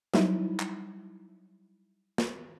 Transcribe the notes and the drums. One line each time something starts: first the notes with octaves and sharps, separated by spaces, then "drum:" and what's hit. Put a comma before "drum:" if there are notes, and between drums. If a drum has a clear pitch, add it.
F#3 G3 D#4 E4, drum: snare
drum: clap
drum: snare